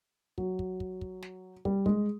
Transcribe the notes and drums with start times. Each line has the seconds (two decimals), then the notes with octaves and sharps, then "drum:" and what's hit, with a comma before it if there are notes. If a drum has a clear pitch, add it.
0.38 F#3, drum: kick
0.59 drum: kick
0.80 drum: kick
1.01 drum: kick
1.23 drum: snare
1.65 G3, drum: kick
1.86 G#3, drum: kick